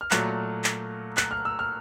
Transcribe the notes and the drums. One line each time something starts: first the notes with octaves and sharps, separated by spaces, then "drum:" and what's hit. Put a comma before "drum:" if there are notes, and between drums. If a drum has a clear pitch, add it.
F6
A#2 F#3 A3 F#6, drum: clap
drum: clap
F#6, drum: clap
F6
E6
F6